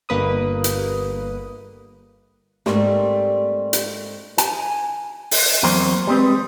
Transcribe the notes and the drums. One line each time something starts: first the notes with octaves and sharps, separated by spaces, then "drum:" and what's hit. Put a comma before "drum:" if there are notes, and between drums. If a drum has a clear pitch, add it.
G1 A#3 B4 D#6
drum: hi-hat
G#2 G3 A3 A#3 C4, drum: snare
drum: hi-hat
G#5, drum: hi-hat
drum: open hi-hat
E2 F#3 A#3 C4 C5 C6
G3 G#3 C4 B4